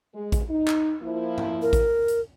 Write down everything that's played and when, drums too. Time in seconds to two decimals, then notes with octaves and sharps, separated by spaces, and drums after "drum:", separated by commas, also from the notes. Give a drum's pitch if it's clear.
0.15 G#3
0.32 drum: kick A1, hi-hat
0.50 D#4
0.67 drum: clap
1.03 F3 A#3 E4
1.38 drum: tom G#2
1.62 A#4
1.73 drum: kick A1, hi-hat
2.08 drum: hi-hat